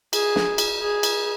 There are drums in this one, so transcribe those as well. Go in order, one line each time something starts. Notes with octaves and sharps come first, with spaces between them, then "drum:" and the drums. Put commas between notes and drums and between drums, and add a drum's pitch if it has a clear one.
G#4, drum: cymbal
drum: snare
drum: cymbal
G#4
drum: cymbal